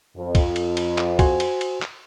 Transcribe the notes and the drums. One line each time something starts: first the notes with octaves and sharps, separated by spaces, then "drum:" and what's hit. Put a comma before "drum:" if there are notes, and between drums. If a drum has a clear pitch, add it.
F2
drum: kick C2, cymbal
drum: cymbal
drum: cymbal
drum: clap
F#4 C5 G#5, drum: kick C2, cymbal
drum: cymbal
drum: cymbal
drum: clap